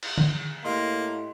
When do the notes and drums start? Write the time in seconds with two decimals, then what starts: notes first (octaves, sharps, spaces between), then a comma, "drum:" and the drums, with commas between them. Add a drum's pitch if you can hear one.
0.03 drum: cymbal
0.18 drum: tom
0.65 A2 A#3 G4 D#5 C6